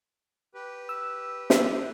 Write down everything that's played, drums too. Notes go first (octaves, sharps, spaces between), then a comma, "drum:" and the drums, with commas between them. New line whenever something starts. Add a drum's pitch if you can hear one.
G4 B4
E6
drum: snare